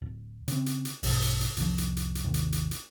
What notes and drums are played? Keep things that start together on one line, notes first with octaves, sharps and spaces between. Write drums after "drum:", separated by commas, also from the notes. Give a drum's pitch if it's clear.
D1
C#3 C4, drum: hi-hat
drum: hi-hat
drum: hi-hat
A#1 G2 B2, drum: open hi-hat
drum: hi-hat
drum: hi-hat
F1 C2 C3 F3, drum: hi-hat
drum: hi-hat
drum: hi-hat
drum: hi-hat
G#1 D#2 C3
drum: hi-hat
drum: hi-hat
drum: hi-hat